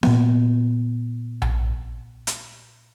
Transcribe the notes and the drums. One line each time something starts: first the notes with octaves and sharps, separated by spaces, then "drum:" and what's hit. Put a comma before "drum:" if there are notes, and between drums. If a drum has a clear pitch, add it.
A#2 B3, drum: snare B3
drum: tom A#1
drum: hi-hat